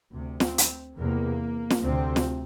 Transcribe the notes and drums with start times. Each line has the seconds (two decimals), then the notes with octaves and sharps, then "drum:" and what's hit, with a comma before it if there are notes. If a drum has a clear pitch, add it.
0.12 D2 C3
0.40 C4, drum: snare
0.58 drum: hi-hat
0.97 E2 C3 A#3
1.70 drum: snare
1.82 D2 C3 C4
2.16 drum: snare